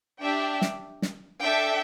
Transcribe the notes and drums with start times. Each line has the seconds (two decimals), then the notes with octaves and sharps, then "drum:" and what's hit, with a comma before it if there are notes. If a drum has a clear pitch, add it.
0.21 D4 G4 E5 G5
0.62 drum: snare
1.02 drum: snare
1.43 D4 A4 E5 G5